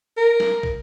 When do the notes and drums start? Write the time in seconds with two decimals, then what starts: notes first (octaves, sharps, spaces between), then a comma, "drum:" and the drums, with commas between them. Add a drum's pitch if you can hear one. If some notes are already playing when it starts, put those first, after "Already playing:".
0.17 A#4
0.40 drum: snare
0.63 drum: kick